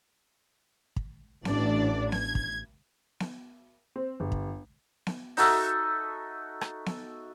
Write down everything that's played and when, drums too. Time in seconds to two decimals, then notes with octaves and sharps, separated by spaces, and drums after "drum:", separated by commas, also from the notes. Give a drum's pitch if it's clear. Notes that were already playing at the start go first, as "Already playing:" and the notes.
0.96 drum: kick
1.45 A1 D4 D5, drum: snare B3
2.12 G#6, drum: snare B3
2.35 drum: kick
3.20 drum: snare B3
3.96 C4
4.20 G1
4.32 drum: kick
5.07 drum: snare B3
5.37 D#4 F#4 A4 E5, drum: open hi-hat
6.61 drum: rim click
6.86 drum: snare B3